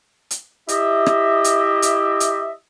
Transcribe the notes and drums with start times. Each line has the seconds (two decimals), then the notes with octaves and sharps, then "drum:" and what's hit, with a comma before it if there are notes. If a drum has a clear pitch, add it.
0.31 drum: hi-hat
0.68 E4 G4 D#5 E5, drum: hi-hat
1.06 drum: rim click
1.44 drum: hi-hat
1.82 drum: hi-hat
2.20 drum: hi-hat